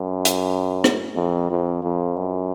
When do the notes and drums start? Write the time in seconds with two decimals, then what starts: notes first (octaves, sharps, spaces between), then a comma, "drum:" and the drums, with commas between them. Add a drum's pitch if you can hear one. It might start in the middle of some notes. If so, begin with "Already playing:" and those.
Already playing: F#2
0.25 drum: hi-hat
0.84 drum: rim click
1.16 F2
1.50 F2
1.83 F2
2.16 F#2